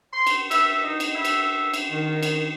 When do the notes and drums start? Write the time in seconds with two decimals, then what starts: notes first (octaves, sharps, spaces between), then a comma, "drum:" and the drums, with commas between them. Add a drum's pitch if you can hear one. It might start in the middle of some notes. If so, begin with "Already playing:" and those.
0.13 C6
0.27 drum: cymbal
0.51 E5, drum: cymbal
0.83 D#4
1.00 drum: cymbal
1.15 E5
1.25 drum: cymbal
1.74 drum: cymbal
1.91 D#3
2.23 drum: cymbal